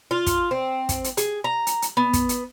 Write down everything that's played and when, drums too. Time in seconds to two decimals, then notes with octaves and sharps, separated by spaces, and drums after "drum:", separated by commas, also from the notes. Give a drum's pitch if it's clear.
0.11 F4
0.26 drum: kick, hi-hat
0.51 C4
0.89 drum: kick, hi-hat
1.04 drum: hi-hat
1.17 G#4, drum: hi-hat
1.44 A#5
1.67 drum: hi-hat
1.82 drum: hi-hat
1.97 B3
2.13 drum: kick, hi-hat
2.29 drum: hi-hat